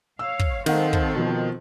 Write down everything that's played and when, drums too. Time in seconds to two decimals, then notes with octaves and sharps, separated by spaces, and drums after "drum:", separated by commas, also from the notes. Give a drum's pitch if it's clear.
0.19 C#5 F5 E6
0.39 drum: kick
0.66 D#3 C4 A4 C5 D#5 F5 F#5, drum: snare
0.93 drum: kick
1.15 B2 F3